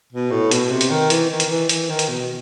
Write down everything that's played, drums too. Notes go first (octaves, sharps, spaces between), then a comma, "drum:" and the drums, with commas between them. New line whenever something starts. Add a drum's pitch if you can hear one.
B2
A2
B2, drum: hi-hat
C3
drum: hi-hat
D#3
E3, drum: hi-hat
D#3
drum: hi-hat
E3
E3, drum: hi-hat
D#3
drum: hi-hat
B2